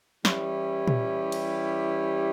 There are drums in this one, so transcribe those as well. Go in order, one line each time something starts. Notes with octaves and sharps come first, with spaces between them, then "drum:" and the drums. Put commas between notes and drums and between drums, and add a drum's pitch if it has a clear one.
E3 G3 C#4 E4 G4, drum: snare
drum: tom A#2
drum: cymbal